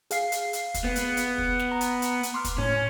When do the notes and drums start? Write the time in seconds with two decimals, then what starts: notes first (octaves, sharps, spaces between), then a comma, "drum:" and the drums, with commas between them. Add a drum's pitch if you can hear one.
0.11 G#4 F5 C7, drum: hi-hat
0.32 drum: hi-hat
0.53 drum: hi-hat
0.74 drum: kick, hi-hat
0.84 B3
0.96 drum: hi-hat
1.17 drum: hi-hat
1.38 drum: kick
1.59 drum: snare
1.72 A#5
1.81 drum: hi-hat
2.02 drum: hi-hat
2.23 drum: hi-hat
2.34 C6 D6 F6
2.44 drum: kick, hi-hat
2.58 A2 C#4